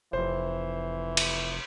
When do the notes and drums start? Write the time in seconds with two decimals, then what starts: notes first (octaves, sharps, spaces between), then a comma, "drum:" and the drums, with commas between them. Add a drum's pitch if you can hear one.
0.13 F1 E3 C5
1.17 drum: cymbal